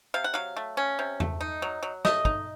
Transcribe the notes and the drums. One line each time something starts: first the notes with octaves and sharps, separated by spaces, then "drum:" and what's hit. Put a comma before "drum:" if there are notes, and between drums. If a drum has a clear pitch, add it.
C3 F5
F#5
F#3 F5
A3
C#4
C3
A3, drum: tom E2
D#4
F#3
F#3
A3 D#5, drum: snare
D#4, drum: kick